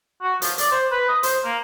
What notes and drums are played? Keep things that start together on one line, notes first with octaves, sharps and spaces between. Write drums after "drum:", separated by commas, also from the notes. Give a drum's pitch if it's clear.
F#4
F3, drum: hi-hat
D5, drum: hi-hat
C5
B4
D#5
C5, drum: hi-hat
A#3